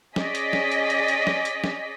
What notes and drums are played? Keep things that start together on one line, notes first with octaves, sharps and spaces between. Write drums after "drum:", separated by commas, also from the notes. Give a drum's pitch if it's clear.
C#4 G#4 D5 D#5 B6, drum: snare
drum: hi-hat
drum: snare
drum: hi-hat
drum: hi-hat
drum: hi-hat
drum: snare
drum: hi-hat
drum: snare